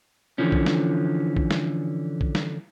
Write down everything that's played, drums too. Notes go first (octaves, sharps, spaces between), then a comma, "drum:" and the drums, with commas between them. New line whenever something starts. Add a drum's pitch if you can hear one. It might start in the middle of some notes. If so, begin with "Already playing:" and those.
D3 E3 F3 C#4
drum: kick A#1
drum: snare
drum: kick A#1
drum: snare
drum: kick A#1
drum: snare